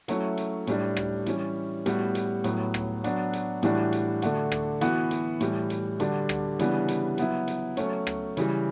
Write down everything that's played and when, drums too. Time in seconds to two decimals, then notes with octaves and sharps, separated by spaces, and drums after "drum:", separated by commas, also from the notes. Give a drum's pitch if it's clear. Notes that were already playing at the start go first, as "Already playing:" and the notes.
0.08 F#3 A3 C#4 E4, drum: hi-hat
0.37 drum: hi-hat
0.67 A2 G3 D4, drum: hi-hat
0.97 drum: rim click
1.26 E3 G3 C#4, drum: hi-hat
1.86 A2 G3 B3 F#4, drum: hi-hat
2.15 drum: hi-hat
2.44 A2 F#3 B3, drum: hi-hat
2.74 drum: rim click
3.04 F#3 B3 D4 F#4, drum: hi-hat
3.33 drum: hi-hat
3.63 A2 E3 G3 D4 F#4, drum: hi-hat
3.92 drum: hi-hat
4.22 D3 A3 D4 F#4, drum: hi-hat
4.52 drum: rim click
4.81 E3 B3 F#4, drum: hi-hat
5.11 drum: hi-hat
5.40 A2 E3 G3, drum: hi-hat
5.70 drum: hi-hat
6.00 D3 G3 D4 F#4, drum: hi-hat
6.29 drum: rim click
6.59 C#3 E3 G3 B3 D4, drum: hi-hat
6.88 drum: hi-hat
7.18 F#3 B3 E4, drum: hi-hat
7.47 drum: hi-hat
7.77 F#3 A3 C#4, drum: hi-hat
8.07 drum: rim click
8.37 C#3 E3 G3, drum: hi-hat